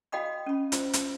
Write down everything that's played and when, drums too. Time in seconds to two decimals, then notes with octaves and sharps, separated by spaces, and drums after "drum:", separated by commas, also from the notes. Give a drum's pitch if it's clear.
0.12 F#4 D#5 F5 G5 B5 D#6
0.46 C#4 B5
0.72 F4 C5, drum: hi-hat
0.93 drum: hi-hat